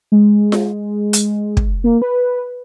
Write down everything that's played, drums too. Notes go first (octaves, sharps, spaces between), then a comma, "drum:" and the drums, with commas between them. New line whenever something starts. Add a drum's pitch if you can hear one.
G#3
drum: snare F4
drum: hi-hat
drum: kick
A#3
B4